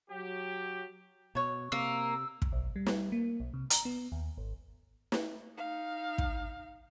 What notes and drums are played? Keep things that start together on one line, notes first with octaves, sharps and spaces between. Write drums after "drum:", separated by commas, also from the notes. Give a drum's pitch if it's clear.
F#3 G4
B2 F#3 C#5
C3 A#3 E6
drum: kick
B1
G3
drum: snare
A#3
B1
C3
A#5, drum: hi-hat
B3
D#2
G#1
drum: snare
D#4 F5
drum: kick